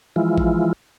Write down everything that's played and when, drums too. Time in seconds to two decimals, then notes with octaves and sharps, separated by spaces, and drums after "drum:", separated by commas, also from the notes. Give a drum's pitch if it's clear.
0.16 E3 F3 G#3 E4 F4
0.38 drum: kick A1